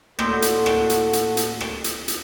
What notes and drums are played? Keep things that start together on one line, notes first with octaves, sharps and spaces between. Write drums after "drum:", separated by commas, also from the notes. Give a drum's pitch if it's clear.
A2 A3 A#3 F#4 A4, drum: rim click
drum: hi-hat
drum: rim click
drum: hi-hat
drum: hi-hat
drum: hi-hat
drum: rim click
drum: hi-hat
drum: hi-hat